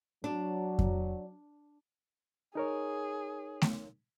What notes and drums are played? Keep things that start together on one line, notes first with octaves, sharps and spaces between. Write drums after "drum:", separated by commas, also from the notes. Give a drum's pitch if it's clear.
F#3 D4
drum: kick F2
D#4 G#4 A#4 C#5
drum: snare A3